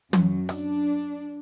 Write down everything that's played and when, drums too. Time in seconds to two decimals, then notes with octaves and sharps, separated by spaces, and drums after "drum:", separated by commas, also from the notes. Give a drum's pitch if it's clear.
0.13 F#2 F#3, drum: tom
0.49 D4, drum: rim click